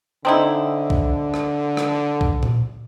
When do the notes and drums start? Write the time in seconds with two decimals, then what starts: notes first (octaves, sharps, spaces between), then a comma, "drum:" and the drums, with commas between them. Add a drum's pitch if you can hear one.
0.25 D3 C4 D#4 E4
0.90 drum: kick B1
1.34 drum: rim click
1.77 drum: rim click
2.21 drum: kick B1
2.43 drum: tom A#2